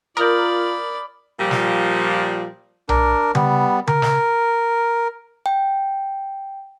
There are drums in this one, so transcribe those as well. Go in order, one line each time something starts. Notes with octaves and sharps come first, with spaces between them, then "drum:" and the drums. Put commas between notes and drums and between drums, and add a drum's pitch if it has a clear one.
F4 A#4 D5 B5 D#6 F6 G6
A#2 F3 G3
drum: snare
D4 A#4, drum: tom B1
G3 B3, drum: tom C#3
A#4, drum: tom C#3
drum: snare
G5